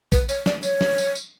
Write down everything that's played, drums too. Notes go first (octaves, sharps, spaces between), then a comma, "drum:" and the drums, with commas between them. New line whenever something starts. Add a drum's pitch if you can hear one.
B4, drum: kick, tambourine
C#5, drum: tambourine
D5, drum: snare
C#5, drum: tambourine
drum: snare
drum: tambourine
drum: tambourine